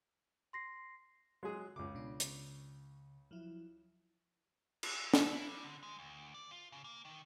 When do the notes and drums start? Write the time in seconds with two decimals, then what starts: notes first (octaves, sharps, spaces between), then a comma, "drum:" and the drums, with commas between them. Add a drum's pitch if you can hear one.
0.53 C6 A#6 C7
1.43 F#3 G#3 G#4 C6
1.76 C#2 F#2 C#3 D6
1.95 B2 D4
2.20 C#3, drum: hi-hat
3.31 F3 F#3 E4
4.83 drum: cymbal
5.14 A4, drum: snare
5.32 E4
5.49 G3
5.64 D3
5.83 G#3
5.99 D2
6.34 D5
6.51 F4
6.72 C#3
6.84 A#3
7.05 D#3